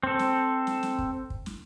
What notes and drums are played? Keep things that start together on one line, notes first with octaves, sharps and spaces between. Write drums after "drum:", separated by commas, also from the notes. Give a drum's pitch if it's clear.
C4 A4
drum: snare
drum: snare
drum: snare
drum: kick
drum: kick
drum: snare